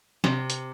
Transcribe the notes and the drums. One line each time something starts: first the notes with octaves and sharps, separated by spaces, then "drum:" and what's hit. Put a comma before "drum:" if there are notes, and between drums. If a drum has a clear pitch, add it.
C3, drum: snare
drum: hi-hat